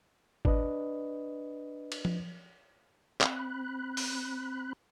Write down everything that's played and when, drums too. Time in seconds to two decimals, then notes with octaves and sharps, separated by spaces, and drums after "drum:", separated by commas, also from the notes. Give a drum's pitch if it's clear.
0.45 D4 B4 D#5, drum: kick G#1
1.92 drum: cymbal
2.05 drum: tom F3
3.21 C4 B5 F#6, drum: clap
3.97 drum: open hi-hat